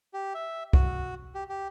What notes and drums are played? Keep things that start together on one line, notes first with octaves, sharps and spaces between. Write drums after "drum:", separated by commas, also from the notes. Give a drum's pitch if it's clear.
G4
E5
F#4, drum: kick
G4
G4